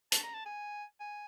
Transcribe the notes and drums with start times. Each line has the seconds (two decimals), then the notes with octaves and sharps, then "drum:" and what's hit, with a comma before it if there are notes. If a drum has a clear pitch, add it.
0.12 A5, drum: hi-hat
0.24 A#5
0.34 A5
0.46 G#5
1.00 G#5